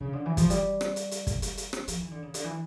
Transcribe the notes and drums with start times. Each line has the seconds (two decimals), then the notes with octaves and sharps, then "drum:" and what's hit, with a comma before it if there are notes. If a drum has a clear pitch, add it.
0.00 C#3
0.13 D3
0.26 E3
0.37 F3, drum: kick, hi-hat
0.50 G3, drum: hi-hat
0.81 drum: rim click
0.96 drum: hi-hat
1.11 drum: hi-hat
1.27 drum: kick, hi-hat
1.37 A3
1.42 G3, drum: hi-hat
1.57 drum: hi-hat
1.73 drum: rim click
1.88 F3, drum: hi-hat
2.00 E3
2.11 D3
2.22 C#3
2.34 D3, drum: hi-hat
2.44 E3